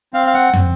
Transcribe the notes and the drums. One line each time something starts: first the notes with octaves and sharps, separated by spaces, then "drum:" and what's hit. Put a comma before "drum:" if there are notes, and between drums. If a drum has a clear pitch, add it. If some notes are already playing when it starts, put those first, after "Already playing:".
C4 F5
F5
F#5
C4, drum: tom